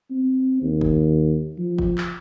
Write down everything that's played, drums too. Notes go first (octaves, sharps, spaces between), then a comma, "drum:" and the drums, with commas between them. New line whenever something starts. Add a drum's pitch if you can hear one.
C4
D#2
drum: kick F#1
F3
drum: kick F#1
drum: clap